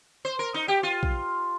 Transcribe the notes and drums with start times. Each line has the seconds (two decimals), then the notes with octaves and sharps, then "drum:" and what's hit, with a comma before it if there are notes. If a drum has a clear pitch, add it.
0.25 C5
0.39 A#4
0.54 D#4
0.68 G4
0.83 F4
1.03 drum: kick A#1